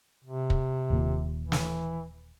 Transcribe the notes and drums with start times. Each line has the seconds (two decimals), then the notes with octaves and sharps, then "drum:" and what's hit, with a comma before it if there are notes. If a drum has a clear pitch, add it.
0.24 C3
0.50 drum: kick
0.90 D#1 A#2
1.42 E3
1.52 drum: snare